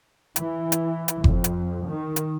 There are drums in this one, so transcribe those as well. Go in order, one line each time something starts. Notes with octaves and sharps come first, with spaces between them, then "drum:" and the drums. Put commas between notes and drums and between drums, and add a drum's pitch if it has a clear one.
E3, drum: hi-hat
drum: hi-hat
drum: hi-hat
F2, drum: kick F#1
drum: hi-hat
D#3
drum: hi-hat